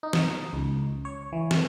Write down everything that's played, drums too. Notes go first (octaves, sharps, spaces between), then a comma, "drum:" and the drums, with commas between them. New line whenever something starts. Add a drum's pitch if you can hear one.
D#4
drum: snare
C#2
C#5
E3
drum: snare